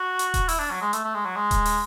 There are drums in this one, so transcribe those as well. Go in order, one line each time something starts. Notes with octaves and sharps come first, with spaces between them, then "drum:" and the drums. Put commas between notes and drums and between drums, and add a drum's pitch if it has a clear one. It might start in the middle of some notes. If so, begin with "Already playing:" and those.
Already playing: F#4
drum: hi-hat
drum: kick D#1, hi-hat
E4, drum: open hi-hat
D4
F#3
G#3
A3, drum: hi-hat
A3
G#3
F#3
G#3
drum: kick D#1, hi-hat
drum: open hi-hat